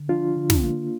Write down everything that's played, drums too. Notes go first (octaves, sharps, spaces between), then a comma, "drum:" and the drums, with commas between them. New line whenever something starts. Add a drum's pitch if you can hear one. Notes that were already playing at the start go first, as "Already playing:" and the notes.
Already playing: D3
F3 D4 F4
D3
drum: snare
A#3